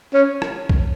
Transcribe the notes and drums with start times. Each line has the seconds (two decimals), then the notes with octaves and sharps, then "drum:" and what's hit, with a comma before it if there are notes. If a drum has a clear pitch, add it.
0.14 C#4
0.42 drum: rim click
0.69 drum: kick